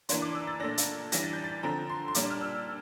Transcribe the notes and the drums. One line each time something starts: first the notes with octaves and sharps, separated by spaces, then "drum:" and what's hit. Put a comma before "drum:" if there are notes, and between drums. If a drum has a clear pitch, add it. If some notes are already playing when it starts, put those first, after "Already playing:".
E3 A#3 D4 C6, drum: hi-hat
D6
E6
A6
A#2 A3 D4 A#6
drum: hi-hat
E3 G3 D4 A#6, drum: hi-hat
A6
G6
A6
D3 F3 C4 A#5
C6
C6
A#2 G3 D4 D6, drum: hi-hat
F6
E6